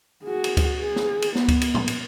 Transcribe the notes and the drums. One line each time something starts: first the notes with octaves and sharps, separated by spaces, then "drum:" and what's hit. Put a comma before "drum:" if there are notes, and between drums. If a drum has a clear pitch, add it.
F#4 G#4
drum: cymbal
drum: kick D2, cymbal
G#4
drum: snare
drum: cymbal
B3, drum: snare
drum: kick D2, cymbal
drum: cymbal
drum: tom
drum: cymbal